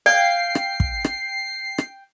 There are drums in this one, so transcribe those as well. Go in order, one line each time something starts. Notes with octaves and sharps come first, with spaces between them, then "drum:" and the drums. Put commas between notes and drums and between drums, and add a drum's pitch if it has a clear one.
D5 F5 G5 C7
drum: rim click
drum: kick
drum: rim click
drum: rim click